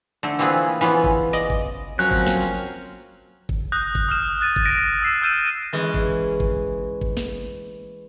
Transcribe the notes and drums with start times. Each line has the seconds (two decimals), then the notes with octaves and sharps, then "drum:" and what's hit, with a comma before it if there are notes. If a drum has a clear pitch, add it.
0.23 D3 A3 A4
0.39 E3 A#3 C4 F4 G#4 B4
0.81 E3 B3 C#4 F4
1.04 drum: kick
1.33 D5 D#5
1.50 drum: kick
1.99 F3 F#3 C4 C#4 A#4 C5 F#6
2.11 drum: kick
2.27 drum: snare
3.49 drum: kick
3.72 D#6 F#6 G6 A#6
3.95 drum: kick
4.09 D#6 F6 E7
4.41 F#6 A6 D#7 E7
4.56 drum: kick
4.66 A#6 D7
5.02 E6 C7 E7
5.22 E6 F6 G6 D#7 E7
5.73 E3 G#3 C#4
5.94 drum: kick
6.40 drum: kick
7.01 drum: kick
7.17 drum: snare